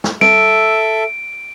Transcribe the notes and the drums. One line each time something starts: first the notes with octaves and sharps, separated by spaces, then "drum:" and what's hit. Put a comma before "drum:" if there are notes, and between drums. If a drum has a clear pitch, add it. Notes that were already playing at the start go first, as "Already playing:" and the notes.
drum: snare
A4 E5 D7, drum: tom